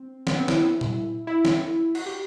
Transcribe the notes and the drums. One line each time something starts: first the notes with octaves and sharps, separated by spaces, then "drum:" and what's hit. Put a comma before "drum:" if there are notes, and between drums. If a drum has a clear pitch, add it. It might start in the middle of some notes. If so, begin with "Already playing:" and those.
Already playing: C4
B3, drum: snare
C4
E4, drum: snare
drum: tom A#2
E4
drum: snare
F#4, drum: cymbal
G4